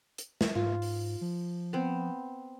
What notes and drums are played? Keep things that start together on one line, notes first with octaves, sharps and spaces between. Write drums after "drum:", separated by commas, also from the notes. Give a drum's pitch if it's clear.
drum: hi-hat
drum: snare
G#2 F4
drum: open hi-hat
F3
B3 C4